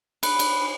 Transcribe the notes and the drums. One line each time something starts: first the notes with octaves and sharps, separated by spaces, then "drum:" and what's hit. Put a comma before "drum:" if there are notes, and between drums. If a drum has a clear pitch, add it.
B4, drum: cymbal
drum: cymbal